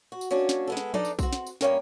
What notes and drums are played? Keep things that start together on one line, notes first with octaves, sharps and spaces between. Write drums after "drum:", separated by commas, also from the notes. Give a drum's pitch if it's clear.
F#4
drum: tambourine
F#3 A#3 C#4 D4
drum: snare
G#3 B3 A4
drum: snare
D4 D#4 A4 D5, drum: tom F3
drum: tambourine
C4 F#4, drum: kick B1, tambourine
drum: snare
drum: tambourine
G2 D3 A#3 C#4 A#4 G5, drum: snare